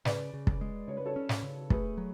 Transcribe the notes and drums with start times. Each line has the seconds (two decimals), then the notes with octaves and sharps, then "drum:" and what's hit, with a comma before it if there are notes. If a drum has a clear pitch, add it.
0.05 C#3 B4 D5, drum: snare
0.34 C#3
0.47 drum: kick
0.61 G#3
0.88 C#3 C#5
0.97 B4
1.05 A4 C#5
1.16 C#4
1.29 drum: snare
1.43 C#3
1.70 A3 G#4 B4, drum: kick
1.97 F#3